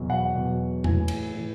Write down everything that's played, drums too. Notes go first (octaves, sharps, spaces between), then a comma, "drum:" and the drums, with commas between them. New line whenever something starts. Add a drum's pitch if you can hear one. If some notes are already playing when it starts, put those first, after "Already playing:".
Already playing: E2 B2 F#3
F#5
E2 B2 F#3
A2 E3 G#5, drum: tom E2
drum: cymbal
A2 E3